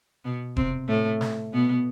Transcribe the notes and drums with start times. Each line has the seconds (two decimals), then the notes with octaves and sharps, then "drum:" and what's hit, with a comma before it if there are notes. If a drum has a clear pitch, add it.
0.24 B2 B3
0.57 C3 C4, drum: kick E1
0.88 A2 A3
1.21 drum: snare
1.53 B2 B3